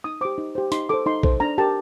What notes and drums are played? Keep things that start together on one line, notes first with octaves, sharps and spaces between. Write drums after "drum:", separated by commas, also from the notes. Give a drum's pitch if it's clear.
D#4 D#6
G4 C5 D6
D#4
G4 C5
D#4 C6, drum: hi-hat
A4 C5 D6
D#4 C6
A4 C5, drum: kick
D4 A#5
G4 A#4 A5